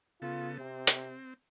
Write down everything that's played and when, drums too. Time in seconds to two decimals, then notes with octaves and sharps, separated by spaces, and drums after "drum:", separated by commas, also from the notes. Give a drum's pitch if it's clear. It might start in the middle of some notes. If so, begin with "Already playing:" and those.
0.22 C#3 B3 F4 A4
0.58 C3 C4
0.87 drum: hi-hat